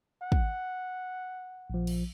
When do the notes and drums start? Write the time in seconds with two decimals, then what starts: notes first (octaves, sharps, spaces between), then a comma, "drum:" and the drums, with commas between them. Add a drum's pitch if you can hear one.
0.22 F#5
0.32 drum: kick
1.70 A#1 F3
1.87 drum: cymbal